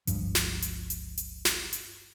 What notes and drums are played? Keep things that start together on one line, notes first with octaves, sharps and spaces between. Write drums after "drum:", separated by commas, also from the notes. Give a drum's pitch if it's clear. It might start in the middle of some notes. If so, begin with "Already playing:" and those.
G1 C#2 G2 F3, drum: hi-hat
drum: snare
drum: hi-hat
drum: hi-hat
drum: hi-hat
drum: snare
drum: hi-hat